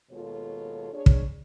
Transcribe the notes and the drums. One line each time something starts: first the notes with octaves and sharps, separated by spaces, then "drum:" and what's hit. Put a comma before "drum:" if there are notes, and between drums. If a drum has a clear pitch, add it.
D#2 B2 G#3 F4 A4 C#5
D4 G#4 C#5
drum: kick